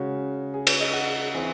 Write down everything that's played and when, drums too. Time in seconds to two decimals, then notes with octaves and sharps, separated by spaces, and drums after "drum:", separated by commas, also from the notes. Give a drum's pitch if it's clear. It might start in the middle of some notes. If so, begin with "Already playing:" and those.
Already playing: C#3 G#3 C#4 F#4
0.54 G#4
0.67 C#5, drum: cymbal
0.80 D#5
0.94 F#5
1.34 E3 C4 E4